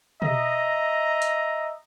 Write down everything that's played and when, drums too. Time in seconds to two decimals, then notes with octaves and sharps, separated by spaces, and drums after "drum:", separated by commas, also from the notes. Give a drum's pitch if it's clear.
0.22 D#5 E5 A#5, drum: tom B2
1.22 drum: hi-hat